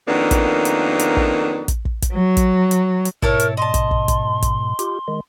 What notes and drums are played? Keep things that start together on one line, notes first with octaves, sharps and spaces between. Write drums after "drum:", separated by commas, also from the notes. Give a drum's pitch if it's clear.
F2 D#3 F#3 A#3 B3 D4
drum: kick, hi-hat
drum: hi-hat
drum: hi-hat
drum: kick
drum: kick, hi-hat
drum: kick
drum: kick, hi-hat
F#3
drum: kick, hi-hat
drum: hi-hat
drum: hi-hat
G#2 B2 E4 A4 A#4 C#5, drum: kick
drum: hi-hat
D#5 A5 C6
drum: kick, hi-hat
drum: kick
drum: kick, hi-hat
drum: kick, hi-hat
F4 G4, drum: hi-hat
D#3 G#3